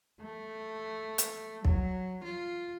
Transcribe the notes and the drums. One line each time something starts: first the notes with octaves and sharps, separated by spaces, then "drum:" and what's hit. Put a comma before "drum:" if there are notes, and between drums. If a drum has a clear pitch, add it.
A3
drum: hi-hat
F#3, drum: kick
F4